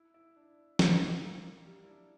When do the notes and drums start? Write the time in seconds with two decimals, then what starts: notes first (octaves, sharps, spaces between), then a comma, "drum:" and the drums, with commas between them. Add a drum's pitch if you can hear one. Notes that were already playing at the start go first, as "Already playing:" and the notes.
Already playing: E4
0.14 E4
0.36 D4
0.79 E4, drum: snare
1.22 A#3
1.66 G3
1.83 E4
1.88 D4